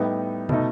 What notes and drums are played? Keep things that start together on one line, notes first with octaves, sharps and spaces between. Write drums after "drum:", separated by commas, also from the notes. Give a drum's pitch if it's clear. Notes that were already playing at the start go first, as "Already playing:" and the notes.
Already playing: A2 G3 B3 D#4
B2 A3 D#4, drum: tom